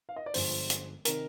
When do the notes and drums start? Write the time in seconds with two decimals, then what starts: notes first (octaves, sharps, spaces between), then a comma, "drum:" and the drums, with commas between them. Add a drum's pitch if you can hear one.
0.09 F5
0.16 D#5
0.26 D5
0.34 G1 G2 F3 G#3 C5, drum: open hi-hat
0.70 drum: hi-hat
1.05 C3 D#3 A#4, drum: hi-hat